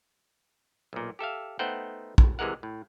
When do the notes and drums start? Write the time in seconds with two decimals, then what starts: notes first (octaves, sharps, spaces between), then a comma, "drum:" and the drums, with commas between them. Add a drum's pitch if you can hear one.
0.93 B1 A#2
1.19 G4 A4 E5 F5
1.59 A3 B3 D#4 C5 F#5 G5
2.18 drum: kick
2.39 C3 E3 G#3 A#4 F#5
2.63 A2